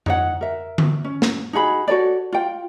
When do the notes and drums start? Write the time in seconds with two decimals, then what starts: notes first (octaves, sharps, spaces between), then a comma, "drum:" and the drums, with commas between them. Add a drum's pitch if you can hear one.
0.06 D#4 C#5 F#5, drum: tom F2
0.41 A#4 E5
0.78 drum: tom D3
1.04 C#4
1.22 drum: snare
1.53 D#4 F#4 G#4 B5
1.88 F#4 A4 C#5 D5
2.32 F4 G5